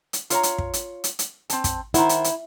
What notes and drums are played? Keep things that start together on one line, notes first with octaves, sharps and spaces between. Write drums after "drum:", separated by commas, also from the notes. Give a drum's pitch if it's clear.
drum: hi-hat
F4 C#5 A#5, drum: hi-hat
drum: hi-hat
drum: kick
drum: hi-hat
drum: hi-hat
drum: hi-hat
C4 A5, drum: hi-hat
drum: kick, hi-hat
D#3 E4 C5 F#5, drum: hi-hat
drum: hi-hat
drum: hi-hat